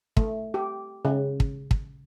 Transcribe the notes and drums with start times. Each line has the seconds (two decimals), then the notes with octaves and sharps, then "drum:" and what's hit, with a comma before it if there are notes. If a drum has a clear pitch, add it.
0.17 A3, drum: kick
0.54 G4
1.05 C#3
1.40 drum: kick
1.71 drum: kick